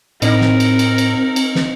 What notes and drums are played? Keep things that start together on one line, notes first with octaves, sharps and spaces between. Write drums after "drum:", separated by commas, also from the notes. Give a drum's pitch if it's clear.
A2 C4 D#4 A#4 A#6, drum: cymbal
drum: snare
drum: cymbal
drum: cymbal
drum: cymbal
drum: cymbal
drum: snare